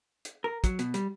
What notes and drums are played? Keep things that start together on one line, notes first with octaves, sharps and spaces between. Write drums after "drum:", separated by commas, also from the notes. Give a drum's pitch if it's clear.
drum: hi-hat
A#4
F#3, drum: kick, hi-hat
B2, drum: hi-hat
G3, drum: hi-hat